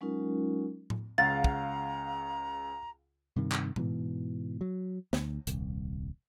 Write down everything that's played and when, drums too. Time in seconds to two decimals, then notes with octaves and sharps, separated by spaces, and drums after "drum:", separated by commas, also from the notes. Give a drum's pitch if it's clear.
0.01 F#3 G#3 C#4 D#4 F4 A#4
0.90 drum: tom A2
1.18 C#2 C#3 F5 F#5 A#5 A6
1.44 drum: kick
3.36 G2 C3 D#3
3.52 drum: clap
3.76 G#2 B2 E3, drum: tom A2
4.61 F#3
5.13 D2, drum: snare
5.47 D#1 C2, drum: hi-hat